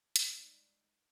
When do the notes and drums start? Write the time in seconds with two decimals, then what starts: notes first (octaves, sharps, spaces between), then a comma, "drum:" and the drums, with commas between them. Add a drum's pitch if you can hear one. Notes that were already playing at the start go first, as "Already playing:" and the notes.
0.16 G3 G#3 D#4, drum: hi-hat